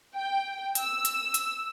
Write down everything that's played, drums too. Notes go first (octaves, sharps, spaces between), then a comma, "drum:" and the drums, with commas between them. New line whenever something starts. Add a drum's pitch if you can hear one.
G5
E6, drum: hi-hat
drum: hi-hat
drum: hi-hat